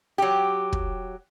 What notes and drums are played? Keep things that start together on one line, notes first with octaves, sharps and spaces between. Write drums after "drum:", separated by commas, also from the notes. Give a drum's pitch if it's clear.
F#3 G4
drum: kick